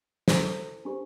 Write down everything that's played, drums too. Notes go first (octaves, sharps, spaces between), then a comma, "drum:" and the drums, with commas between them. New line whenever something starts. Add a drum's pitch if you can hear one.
E4 A4 C5, drum: snare
D4 G4 C5